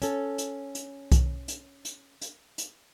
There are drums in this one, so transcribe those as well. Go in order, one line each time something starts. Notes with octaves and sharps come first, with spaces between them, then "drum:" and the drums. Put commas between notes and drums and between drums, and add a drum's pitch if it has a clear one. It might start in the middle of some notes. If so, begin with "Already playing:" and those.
C#4 A4, drum: hi-hat
drum: hi-hat
drum: hi-hat
drum: kick B1, hi-hat
drum: hi-hat
drum: hi-hat
drum: hi-hat
drum: hi-hat